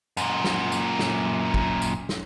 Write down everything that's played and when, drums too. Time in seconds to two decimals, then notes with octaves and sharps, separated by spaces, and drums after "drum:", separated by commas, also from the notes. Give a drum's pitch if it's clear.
0.17 F#2 A#2, drum: tambourine
0.45 drum: snare
0.72 drum: tambourine
0.99 drum: snare
1.54 drum: kick
1.82 drum: tambourine
2.09 drum: snare